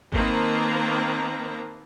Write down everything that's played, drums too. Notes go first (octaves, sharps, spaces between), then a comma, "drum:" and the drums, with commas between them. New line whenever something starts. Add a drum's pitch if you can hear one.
D#3 A#3 C4 B4 A5 A#5, drum: kick G#1